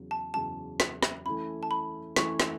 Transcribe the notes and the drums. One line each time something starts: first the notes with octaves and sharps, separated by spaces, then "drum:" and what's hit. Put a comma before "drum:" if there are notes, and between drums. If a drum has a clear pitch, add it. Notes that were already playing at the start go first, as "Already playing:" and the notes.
Already playing: E2 C#3 F#3
A5
E2 C#3 F#3 A5
drum: snare
drum: snare
E3 A3 C#4 E4 B5
A5
B5
E3 A3 C#4 E4 C#6, drum: snare
drum: snare